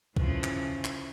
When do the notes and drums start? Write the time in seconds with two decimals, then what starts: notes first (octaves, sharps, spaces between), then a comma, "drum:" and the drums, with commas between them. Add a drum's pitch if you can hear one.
0.16 C#3 E3 F3, drum: kick
0.44 drum: clap
0.85 drum: clap